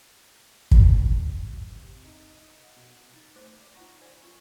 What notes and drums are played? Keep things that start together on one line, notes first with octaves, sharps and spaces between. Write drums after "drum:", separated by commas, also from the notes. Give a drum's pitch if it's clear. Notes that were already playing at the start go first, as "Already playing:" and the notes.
drum: kick
A#2
B2
F#2
C3
D#4
D#5
F#5
B2
D#4 A6
A3 C5 D6 F#6 A#6
D5
D#4 F4 F#5 A#5 C#6 A#6
C5 D5 G#5 G#6
C#4 F4 C#6